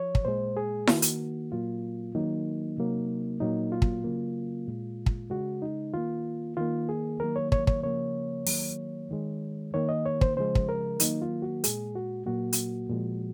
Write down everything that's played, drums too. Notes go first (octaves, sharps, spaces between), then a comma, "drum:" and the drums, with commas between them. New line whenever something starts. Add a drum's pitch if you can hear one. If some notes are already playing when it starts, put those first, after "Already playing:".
Already playing: F3 C#5
drum: kick
A#2 G#3 C5
G#4
D#3 A#3 F#4, drum: snare E4
drum: hi-hat
A#2 F#3 A#3 F4
D#3 F#3 A#3 D#4
C3 F#3 A#3
A#2 F#3 A#3 D#4
F4
drum: kick
C#3 F#3 A#3
A#2 G#3
drum: kick
C#3 G#3 F#4
D#4
D#3 A#3 F4
D#3 A#3 F4
G#4
D#3 F#3 A#3 A#4
C#5
C#5, drum: kick
C#5, drum: kick
C#3 F3 A#3 C#5
D#3 F#3 A#3, drum: open hi-hat
D#3 G#3
D#3 A#3 C#5
D#5
C#5
C5, drum: kick
C#3 F3 G#3 C5
drum: kick
A#4
D#3 F#3 A#3 D#4, drum: hi-hat
F4
F#4
A#2 G#3 G#4, drum: hi-hat
F#4
A#2 F#3 A#3 F#4
drum: hi-hat
A#2 F3 G#3